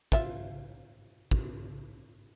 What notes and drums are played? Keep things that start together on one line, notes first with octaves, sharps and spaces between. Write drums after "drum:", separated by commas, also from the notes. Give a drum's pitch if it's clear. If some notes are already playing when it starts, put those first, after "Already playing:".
F4 E5, drum: kick
drum: kick